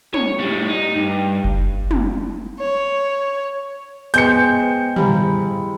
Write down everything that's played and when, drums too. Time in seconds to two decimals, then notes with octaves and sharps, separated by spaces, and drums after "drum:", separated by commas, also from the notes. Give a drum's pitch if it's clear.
0.14 C#5, drum: tom
0.40 A2 G3
0.68 D#4
0.96 G2
1.44 drum: kick F#1
1.91 drum: tom
2.59 C#5
4.14 G#3 B3 B4 C5 G5 G6 C#7, drum: hi-hat
4.96 D#3 G3 E4 G4 A#5 B5, drum: tom